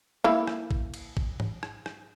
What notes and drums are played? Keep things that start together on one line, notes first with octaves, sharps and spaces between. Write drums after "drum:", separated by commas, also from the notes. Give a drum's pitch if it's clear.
A#3 E4 F5, drum: tom
drum: rim click
drum: kick
drum: cymbal
drum: kick
drum: tom G#2
drum: rim click
drum: rim click